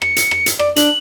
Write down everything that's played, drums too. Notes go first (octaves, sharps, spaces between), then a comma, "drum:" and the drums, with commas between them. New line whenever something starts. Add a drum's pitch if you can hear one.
C#7, drum: rim click
drum: hi-hat
drum: rim click
drum: hi-hat
D5, drum: rim click
D4 F#7, drum: hi-hat